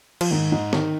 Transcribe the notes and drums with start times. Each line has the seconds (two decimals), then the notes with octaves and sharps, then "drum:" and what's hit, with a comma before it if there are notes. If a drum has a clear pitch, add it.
0.21 F3, drum: cymbal
0.31 G#2 D#3
0.52 G#2
0.73 D#3, drum: snare